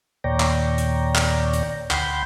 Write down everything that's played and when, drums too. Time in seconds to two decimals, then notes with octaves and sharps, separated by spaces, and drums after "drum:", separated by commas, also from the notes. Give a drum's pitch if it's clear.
0.24 D#2 A#2 C#5 D5 G5 A#5
0.40 drum: clap
0.78 drum: hi-hat
1.15 drum: clap
1.53 drum: hi-hat
1.91 D2 F#5 G5 B5 C6 G6, drum: clap